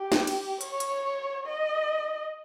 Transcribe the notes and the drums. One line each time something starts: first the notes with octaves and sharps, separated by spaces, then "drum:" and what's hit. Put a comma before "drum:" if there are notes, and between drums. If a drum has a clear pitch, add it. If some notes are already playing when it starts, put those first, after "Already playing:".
Already playing: G4
drum: snare
drum: cymbal
C#5, drum: hi-hat
drum: hi-hat
D#5